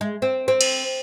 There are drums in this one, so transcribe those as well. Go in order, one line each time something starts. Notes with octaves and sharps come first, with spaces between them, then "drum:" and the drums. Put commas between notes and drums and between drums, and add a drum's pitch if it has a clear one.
G#3
C4
C4
drum: cymbal